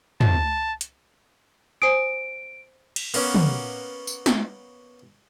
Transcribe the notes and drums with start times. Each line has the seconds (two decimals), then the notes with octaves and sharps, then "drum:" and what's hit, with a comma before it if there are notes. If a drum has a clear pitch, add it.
0.21 A5, drum: tom
0.81 drum: hi-hat
1.82 C5 G#5 D#6 D7
2.96 drum: cymbal
3.14 A#3 B3 C#4, drum: cymbal
3.35 drum: tom
4.07 drum: tambourine
4.26 drum: snare